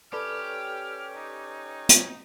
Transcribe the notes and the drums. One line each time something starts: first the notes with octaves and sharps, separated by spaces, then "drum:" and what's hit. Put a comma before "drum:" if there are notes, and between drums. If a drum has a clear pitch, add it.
C#4 G4 A4 B4 C#5 D5 F6
D#4
drum: hi-hat